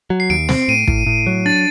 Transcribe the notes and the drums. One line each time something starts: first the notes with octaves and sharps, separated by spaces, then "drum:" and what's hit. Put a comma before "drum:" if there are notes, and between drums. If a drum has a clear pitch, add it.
F#3
C7
D#2 D7
C4, drum: snare
A2 D#7
A2, drum: kick
A2
F#3
D4 A6